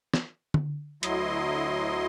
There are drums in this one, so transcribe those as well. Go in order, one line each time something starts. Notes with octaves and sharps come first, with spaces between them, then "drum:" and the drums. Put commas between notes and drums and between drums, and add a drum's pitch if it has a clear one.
drum: snare
drum: tom D3
D2 F#3 E4 D#5 C6, drum: hi-hat